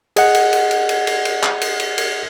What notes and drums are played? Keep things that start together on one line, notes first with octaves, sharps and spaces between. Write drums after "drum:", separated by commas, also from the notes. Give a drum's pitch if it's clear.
G#4 D#5 F#5, drum: cymbal
drum: cymbal
drum: cymbal
drum: cymbal
drum: cymbal
drum: cymbal
drum: cymbal
drum: clap
drum: cymbal
drum: cymbal
drum: cymbal